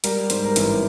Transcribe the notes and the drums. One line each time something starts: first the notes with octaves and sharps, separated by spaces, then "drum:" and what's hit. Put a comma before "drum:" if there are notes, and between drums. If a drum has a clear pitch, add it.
G3 A#4, drum: hi-hat
G#2 C5, drum: hi-hat
A#4
A1 B4, drum: hi-hat